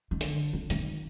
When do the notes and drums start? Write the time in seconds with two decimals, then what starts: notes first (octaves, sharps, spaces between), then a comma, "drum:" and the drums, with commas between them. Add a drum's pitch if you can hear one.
0.11 D#3
0.21 D3, drum: hi-hat
0.53 D3
0.70 D#3, drum: hi-hat